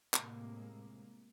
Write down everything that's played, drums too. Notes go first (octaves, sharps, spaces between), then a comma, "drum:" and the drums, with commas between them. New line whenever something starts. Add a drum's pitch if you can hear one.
A2 C3 G#3 A#3, drum: clap